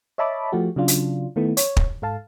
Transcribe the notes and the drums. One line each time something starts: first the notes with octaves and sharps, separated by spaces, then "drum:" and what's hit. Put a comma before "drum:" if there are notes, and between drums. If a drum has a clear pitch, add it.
C#5 D#5 E5 A5 B5 D6
F3 A3 F#4 G4
C#3 F#3 D4 F4
drum: hi-hat
D#3 A3 B3 E4
C#5, drum: hi-hat
drum: kick
G#2 A4 F5 A5